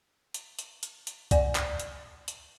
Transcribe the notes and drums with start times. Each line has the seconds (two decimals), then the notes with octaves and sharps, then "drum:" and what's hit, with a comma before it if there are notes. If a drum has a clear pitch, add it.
0.34 drum: hi-hat
0.59 drum: hi-hat
0.83 drum: hi-hat
1.07 drum: hi-hat
1.31 D5 F#5 G#5, drum: kick C2, hi-hat
1.55 drum: clap
1.80 drum: hi-hat
2.28 drum: hi-hat